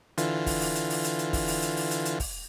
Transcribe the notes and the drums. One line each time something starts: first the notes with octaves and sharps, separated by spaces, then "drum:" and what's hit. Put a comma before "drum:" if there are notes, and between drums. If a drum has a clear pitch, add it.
D3 E3 F4, drum: hi-hat
drum: kick, open hi-hat
drum: open hi-hat
drum: hi-hat
drum: open hi-hat
drum: hi-hat
drum: hi-hat
drum: kick, open hi-hat
drum: open hi-hat
drum: hi-hat
drum: open hi-hat
drum: hi-hat
drum: hi-hat
drum: kick, open hi-hat